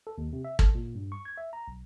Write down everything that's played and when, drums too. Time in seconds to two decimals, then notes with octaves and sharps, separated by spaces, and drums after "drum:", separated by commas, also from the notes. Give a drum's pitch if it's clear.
0.07 A4
0.18 D#2
0.33 C3
0.44 E5
0.59 A4, drum: kick
0.75 A#2
0.95 G2
1.12 C#6
1.25 G#6
1.37 E5
1.53 A#5
1.68 B1